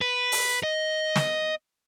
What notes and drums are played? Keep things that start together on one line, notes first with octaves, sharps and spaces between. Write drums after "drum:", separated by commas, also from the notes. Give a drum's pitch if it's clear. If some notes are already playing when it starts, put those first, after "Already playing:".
B4
drum: open hi-hat
D#5
drum: snare